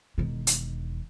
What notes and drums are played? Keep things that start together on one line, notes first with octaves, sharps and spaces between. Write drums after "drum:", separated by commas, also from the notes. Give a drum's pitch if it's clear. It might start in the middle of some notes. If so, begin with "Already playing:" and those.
E1 D#3
drum: hi-hat